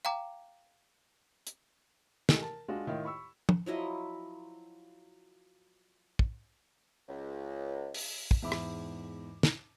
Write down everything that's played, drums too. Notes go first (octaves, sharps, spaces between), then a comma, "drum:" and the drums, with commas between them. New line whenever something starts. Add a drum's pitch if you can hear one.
F5 G5 A#5 D6
drum: hi-hat
C3 D#3 E3 G#3 A3 A4, drum: snare
A#4 A5
G#3 D4 F4 F#4
A2 D#3 E4 F4
B5 C#6 E6
drum: tom
F3 F#3 E4 D#5
drum: kick
C#2
drum: open hi-hat
drum: kick
E2 G#2 E5 B5 D6
drum: rim click
drum: snare